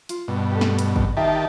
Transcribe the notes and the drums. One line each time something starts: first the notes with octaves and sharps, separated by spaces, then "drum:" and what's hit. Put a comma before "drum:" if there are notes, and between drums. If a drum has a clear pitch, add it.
F4, drum: hi-hat
G2 B2
G4 A4
drum: snare
drum: hi-hat
drum: kick G#1
D#3 G4 E5 F5 A5